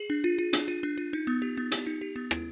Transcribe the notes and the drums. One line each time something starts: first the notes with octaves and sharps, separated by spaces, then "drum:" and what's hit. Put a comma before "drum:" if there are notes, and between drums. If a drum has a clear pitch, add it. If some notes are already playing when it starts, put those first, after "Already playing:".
Already playing: G#4
D4
F4
F4
D4, drum: hi-hat
F4
D4
F4
D#4
B3
G4
B3
G4, drum: hi-hat
D#4
G4
B3
E4, drum: rim click